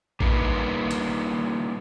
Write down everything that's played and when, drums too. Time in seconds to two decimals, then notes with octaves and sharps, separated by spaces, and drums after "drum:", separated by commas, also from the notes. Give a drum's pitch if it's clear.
0.21 G3 A#3 D4 D#4 B4, drum: kick A1
0.91 drum: hi-hat